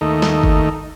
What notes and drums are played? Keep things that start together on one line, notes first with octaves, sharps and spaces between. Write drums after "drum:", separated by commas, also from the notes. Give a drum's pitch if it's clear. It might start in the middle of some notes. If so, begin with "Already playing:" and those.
D#2 A3 D#4
drum: snare
drum: kick G1